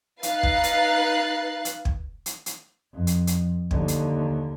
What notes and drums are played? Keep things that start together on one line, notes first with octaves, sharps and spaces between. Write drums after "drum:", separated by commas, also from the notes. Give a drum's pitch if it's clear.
D#4 B4 F5 F#6 A6 C7, drum: hi-hat
drum: kick
drum: hi-hat
drum: hi-hat
drum: kick
drum: hi-hat
drum: hi-hat
F2
drum: hi-hat
drum: hi-hat
D#2 D3, drum: kick
drum: hi-hat